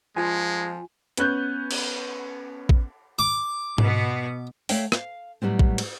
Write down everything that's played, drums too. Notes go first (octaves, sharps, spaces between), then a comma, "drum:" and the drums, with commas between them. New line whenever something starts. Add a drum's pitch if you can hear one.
F3 G#3 F4 G#5
B3 C#4 F#6 G6, drum: hi-hat
drum: cymbal
drum: kick
D6
B2 B3, drum: tom G#2
A3 C#5 E5 F5 G5, drum: open hi-hat
F5, drum: rim click
A2 F#3 G3 B3 C4
drum: kick
drum: cymbal